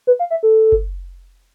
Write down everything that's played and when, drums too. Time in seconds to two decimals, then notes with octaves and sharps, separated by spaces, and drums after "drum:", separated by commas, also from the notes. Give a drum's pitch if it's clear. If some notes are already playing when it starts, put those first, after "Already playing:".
0.07 B4
0.19 F5
0.30 E5
0.43 A4
0.72 drum: kick F#1